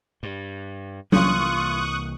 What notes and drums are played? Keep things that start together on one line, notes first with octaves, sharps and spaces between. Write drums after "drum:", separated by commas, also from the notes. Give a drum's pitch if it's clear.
G2
C2 E3 A#3 F4 C#6 D#6 F#6, drum: tom F#3